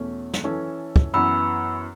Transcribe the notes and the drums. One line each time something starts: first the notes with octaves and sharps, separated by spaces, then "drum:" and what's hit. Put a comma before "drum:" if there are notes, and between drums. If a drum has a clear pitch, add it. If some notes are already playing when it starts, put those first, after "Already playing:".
Already playing: E2 B2 A3 C#4
drum: snare
E3 C#4 A4
drum: kick
F#2 E3 B3 B5 E6